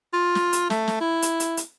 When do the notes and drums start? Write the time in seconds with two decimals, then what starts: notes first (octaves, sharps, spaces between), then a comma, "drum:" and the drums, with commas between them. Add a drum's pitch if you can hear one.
0.13 F4
0.35 drum: snare
0.53 drum: hi-hat
0.70 A3, drum: snare
0.88 drum: snare
1.01 E4
1.22 drum: hi-hat
1.40 drum: hi-hat
1.57 drum: hi-hat